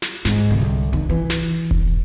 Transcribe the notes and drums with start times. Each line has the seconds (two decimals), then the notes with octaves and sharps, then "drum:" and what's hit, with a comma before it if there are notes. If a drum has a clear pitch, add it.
0.02 drum: snare
0.25 G#2, drum: snare
0.51 C2 D3
0.93 D#3
1.09 E3
1.30 drum: snare
1.71 drum: kick E1